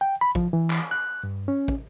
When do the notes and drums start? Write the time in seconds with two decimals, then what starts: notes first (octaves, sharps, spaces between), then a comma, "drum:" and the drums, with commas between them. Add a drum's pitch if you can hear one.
0.01 G5
0.21 B5
0.35 F3, drum: kick
0.53 E3
0.70 drum: clap
0.91 F#6
1.23 G2
1.48 C#4
1.68 drum: kick